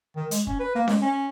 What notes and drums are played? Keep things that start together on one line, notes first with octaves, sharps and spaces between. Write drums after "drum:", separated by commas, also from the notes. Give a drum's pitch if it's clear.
D#3
G#3, drum: hi-hat
C#4, drum: kick
B4
A#3
G#3, drum: snare C#4
C#4